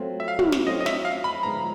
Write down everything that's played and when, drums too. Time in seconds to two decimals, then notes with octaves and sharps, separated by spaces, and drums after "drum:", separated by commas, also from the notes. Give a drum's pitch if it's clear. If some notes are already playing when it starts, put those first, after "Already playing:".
Already playing: F#3 A3 C4 F4
0.20 E5
0.28 F5
0.39 drum: tom
0.52 drum: snare
0.66 F#3 A3 C4 F4 D#5
0.81 D#5
0.86 E5, drum: snare
1.05 F5
1.24 B5
1.43 D3 F3 G#3 B3 D#4 A#5